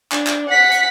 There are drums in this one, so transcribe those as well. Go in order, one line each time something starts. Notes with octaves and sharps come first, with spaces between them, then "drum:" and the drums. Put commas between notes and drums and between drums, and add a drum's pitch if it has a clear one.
D4, drum: clap
drum: clap
F#5 B6
drum: hi-hat